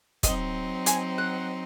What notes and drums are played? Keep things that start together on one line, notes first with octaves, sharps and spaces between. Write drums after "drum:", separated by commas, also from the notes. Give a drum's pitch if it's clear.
F#3 C4 D#4 D#5, drum: kick, hi-hat
G#5, drum: hi-hat
F#5